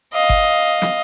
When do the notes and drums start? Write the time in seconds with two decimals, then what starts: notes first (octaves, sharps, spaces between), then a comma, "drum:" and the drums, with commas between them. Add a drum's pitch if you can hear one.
0.13 D#5 F5
0.29 drum: kick G1
0.82 drum: snare